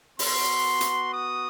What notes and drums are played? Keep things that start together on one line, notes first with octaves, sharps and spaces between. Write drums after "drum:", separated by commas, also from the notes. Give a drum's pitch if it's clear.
B3 F#4 C6, drum: open hi-hat
drum: hi-hat
D#6